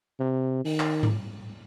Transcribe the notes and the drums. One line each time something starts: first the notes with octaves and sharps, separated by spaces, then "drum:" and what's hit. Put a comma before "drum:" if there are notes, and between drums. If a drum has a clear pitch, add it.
C3
D#3, drum: open hi-hat
drum: clap
drum: tom G#2